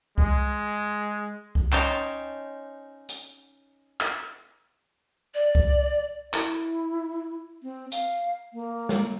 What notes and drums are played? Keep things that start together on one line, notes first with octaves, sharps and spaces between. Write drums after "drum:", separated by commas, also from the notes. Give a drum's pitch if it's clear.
G#3, drum: kick C2
drum: kick C2
C#4 D#4 C5 C#5 G5 A5, drum: clap
drum: hi-hat
drum: clap
D5
drum: kick C2
E4, drum: clap
C4
F5, drum: hi-hat
A#3
drum: snare